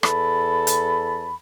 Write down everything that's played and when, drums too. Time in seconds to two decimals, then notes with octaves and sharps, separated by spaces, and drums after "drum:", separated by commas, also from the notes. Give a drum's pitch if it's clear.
0.03 E2 A4 A5 B5, drum: rim click
0.67 drum: hi-hat